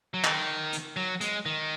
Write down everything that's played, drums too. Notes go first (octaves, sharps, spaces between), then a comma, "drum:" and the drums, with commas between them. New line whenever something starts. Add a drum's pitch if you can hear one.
F#3
D#3, drum: clap
drum: hi-hat
F#3
G#3, drum: hi-hat
D#3